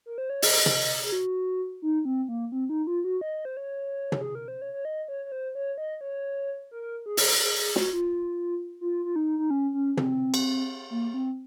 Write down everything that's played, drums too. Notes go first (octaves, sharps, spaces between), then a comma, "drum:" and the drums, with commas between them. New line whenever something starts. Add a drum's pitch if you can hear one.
A#4
C5
C#5
D#5, drum: open hi-hat
drum: tom
G#4
F#4
D#4
C4
A#3
C4
D#4
F4
F#4
D#5
C5
C#5
drum: tom
G#4
A#4
C5
C#5
C#5
D#5
C#5
C#5
C5
C#5
D#5
C#5
A#4
G#4
drum: open hi-hat
G#4
G#4
F#4, drum: snare
F4
F4
F4
D#4
D#4
C#4
C#4
C4, drum: tom
drum: cymbal
A#3
C4